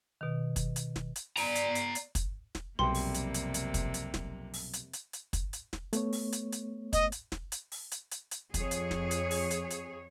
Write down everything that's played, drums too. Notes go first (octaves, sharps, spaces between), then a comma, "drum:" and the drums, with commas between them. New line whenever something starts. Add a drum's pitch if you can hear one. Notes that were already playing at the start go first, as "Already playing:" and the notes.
B2 D#3
drum: kick, hi-hat
drum: hi-hat
drum: snare
drum: hi-hat
D5 A#5, drum: open hi-hat
drum: hi-hat
drum: hi-hat
drum: hi-hat
drum: kick, hi-hat
drum: snare
B1 F2 C3 G3 A#3 C6
drum: open hi-hat
drum: hi-hat
drum: hi-hat
drum: hi-hat
drum: kick, hi-hat
drum: hi-hat
drum: snare
drum: open hi-hat
drum: hi-hat
drum: hi-hat
drum: hi-hat
drum: kick, hi-hat
drum: hi-hat
drum: snare
A3 B3 C#5, drum: hi-hat
drum: open hi-hat
drum: hi-hat
drum: hi-hat
D#5, drum: kick, hi-hat
drum: hi-hat
drum: snare
drum: hi-hat
drum: open hi-hat
drum: hi-hat
drum: hi-hat
drum: hi-hat
F2 G#4 C#5, drum: kick, hi-hat
drum: hi-hat
drum: snare
drum: hi-hat
drum: open hi-hat
drum: hi-hat
drum: hi-hat